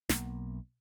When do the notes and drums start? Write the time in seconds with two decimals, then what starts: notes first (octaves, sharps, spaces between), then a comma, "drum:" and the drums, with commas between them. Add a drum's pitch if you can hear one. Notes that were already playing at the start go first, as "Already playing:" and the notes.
0.09 B1 A#3, drum: snare